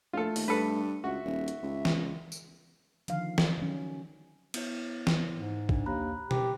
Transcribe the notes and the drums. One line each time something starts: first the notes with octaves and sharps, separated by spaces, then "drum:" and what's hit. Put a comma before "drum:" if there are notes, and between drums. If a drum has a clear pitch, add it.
A#1 A3 F4 A4
D#2, drum: open hi-hat
G2 A4 B4
C#2 F#4 E5
D#1
drum: hi-hat
C#2
drum: snare
drum: tambourine
D3 D#3 F3 F5, drum: hi-hat
drum: snare
D#3 F#3 C#4
B3 E4 C#5, drum: cymbal
drum: snare
G#2
D4, drum: kick A#1
D#2 A#5 B5 F#6
G4, drum: tom B2